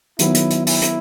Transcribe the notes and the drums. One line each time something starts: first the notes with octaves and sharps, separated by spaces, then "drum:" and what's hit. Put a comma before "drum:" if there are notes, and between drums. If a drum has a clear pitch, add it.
D#3 F#3 B3 E4, drum: hi-hat
drum: hi-hat
drum: hi-hat
E4, drum: open hi-hat
drum: hi-hat